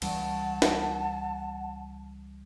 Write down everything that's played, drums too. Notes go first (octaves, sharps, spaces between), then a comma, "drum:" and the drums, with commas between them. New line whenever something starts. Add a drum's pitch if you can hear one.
C#2 E3 G3 F#5 A5, drum: cymbal
drum: snare